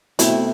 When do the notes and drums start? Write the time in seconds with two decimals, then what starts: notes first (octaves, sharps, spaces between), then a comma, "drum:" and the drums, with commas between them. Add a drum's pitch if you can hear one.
0.19 B2 A3 C4 E4, drum: hi-hat